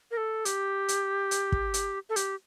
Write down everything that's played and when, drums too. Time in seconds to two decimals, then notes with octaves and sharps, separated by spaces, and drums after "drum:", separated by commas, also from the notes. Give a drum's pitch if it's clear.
0.11 A#4
0.17 A4
0.45 G4, drum: hi-hat
0.88 drum: hi-hat
1.31 drum: hi-hat
1.52 drum: kick
1.74 drum: hi-hat
2.10 A4
2.16 G4, drum: hi-hat